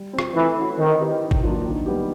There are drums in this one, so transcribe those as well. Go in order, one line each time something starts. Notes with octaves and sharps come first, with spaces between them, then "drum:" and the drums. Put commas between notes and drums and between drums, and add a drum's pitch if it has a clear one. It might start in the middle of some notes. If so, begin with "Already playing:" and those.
Already playing: G3
C4
F4, drum: rim click
E3 A3
C#4 F#4
D#3 C4
E4 G4 B4 D#5
D#3
drum: kick
F#3 A#3 D4 F4
D#3
G3 B3 D#4 G4